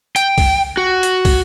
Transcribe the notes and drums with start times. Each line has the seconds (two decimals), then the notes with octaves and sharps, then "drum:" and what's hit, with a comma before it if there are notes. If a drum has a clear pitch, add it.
0.16 G5, drum: hi-hat
0.38 drum: kick, open hi-hat
0.77 F#4
1.03 drum: hi-hat
1.25 drum: kick, open hi-hat